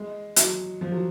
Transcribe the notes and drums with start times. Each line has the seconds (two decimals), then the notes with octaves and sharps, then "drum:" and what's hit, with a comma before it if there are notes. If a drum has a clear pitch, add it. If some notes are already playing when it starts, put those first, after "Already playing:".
Already playing: G#3
0.36 F#3, drum: hi-hat
0.81 F3
0.92 F#3